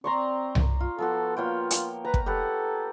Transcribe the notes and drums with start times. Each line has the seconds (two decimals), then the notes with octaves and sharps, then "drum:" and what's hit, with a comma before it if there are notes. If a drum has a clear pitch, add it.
0.04 C4 D5 A#5 C6 C#6
0.55 drum: tom C2
0.80 F4
0.98 F3 B3 F#4 A4
1.37 A#3 F4 C#5 G5
1.71 drum: hi-hat
2.05 B4 A#5
2.14 drum: kick
2.26 G4 A4 B4 F#5